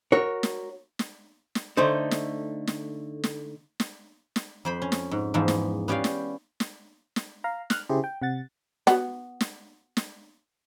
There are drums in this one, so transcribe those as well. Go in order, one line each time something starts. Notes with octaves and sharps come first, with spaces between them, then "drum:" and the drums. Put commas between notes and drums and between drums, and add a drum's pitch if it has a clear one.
F#4 A#4 C#5
drum: snare
drum: snare
drum: snare
D3 A3 D#4 C5
drum: snare
drum: snare
drum: snare
drum: snare
drum: snare
F2 C5 B5
C#4
drum: snare
G#2
E2 G#2 F3
drum: snare
B3 C#4 G4 D5 F5 G5
drum: snare
drum: snare
drum: snare
F5 A#5
F6 F#6, drum: snare
C#3 E4 G4 G#4 C5
G5
C3 F#5 A6
B3 F#4, drum: snare
drum: snare
drum: snare